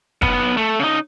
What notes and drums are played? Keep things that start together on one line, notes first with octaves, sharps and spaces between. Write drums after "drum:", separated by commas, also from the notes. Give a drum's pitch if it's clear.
B1 B3, drum: kick
A3
C#3 D#4